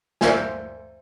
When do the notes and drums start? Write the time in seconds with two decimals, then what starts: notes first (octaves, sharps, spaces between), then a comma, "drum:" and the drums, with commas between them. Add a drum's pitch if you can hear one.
0.21 C5 D5 E5 F5 G#5, drum: snare